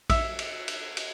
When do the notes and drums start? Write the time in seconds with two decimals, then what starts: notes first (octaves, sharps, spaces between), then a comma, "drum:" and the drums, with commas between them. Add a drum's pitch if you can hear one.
0.10 E5, drum: kick A#1, cymbal
0.39 drum: cymbal
0.68 drum: cymbal
0.97 drum: cymbal